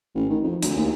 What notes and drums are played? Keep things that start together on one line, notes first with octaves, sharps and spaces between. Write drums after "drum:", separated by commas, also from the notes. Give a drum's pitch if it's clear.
A1
D#3
F2
D2, drum: hi-hat
D#2